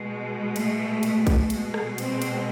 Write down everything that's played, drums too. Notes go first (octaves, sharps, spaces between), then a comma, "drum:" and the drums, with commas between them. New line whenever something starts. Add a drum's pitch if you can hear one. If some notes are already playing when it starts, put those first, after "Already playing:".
Already playing: B2 G#3
A3, drum: cymbal
drum: cymbal
drum: kick A#1, cymbal
B2 G#3, drum: cymbal
drum: rim click
C4, drum: cymbal
drum: cymbal